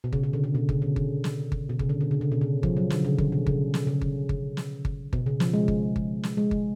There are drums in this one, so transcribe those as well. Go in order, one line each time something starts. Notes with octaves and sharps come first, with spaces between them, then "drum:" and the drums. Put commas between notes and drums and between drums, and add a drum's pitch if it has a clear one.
B2
C#3, drum: kick G1
C#3
D3
C#3
B2
C#3, drum: kick G1
D3
drum: kick G1
drum: snare
drum: kick G1
B2
C#3, drum: kick G1
D3
D3
C#3
C#3
B2
C#3
F3, drum: kick G1
F#3
D3, drum: snare
C#3
D3, drum: kick G1
B2
C#3, drum: kick G1
drum: snare
C#3
drum: kick G1
drum: kick G1
drum: snare
drum: kick G1
B2, drum: kick G1
C#3
F3, drum: snare
G#3
drum: kick G1
drum: kick G1
drum: snare
G#3
drum: kick G1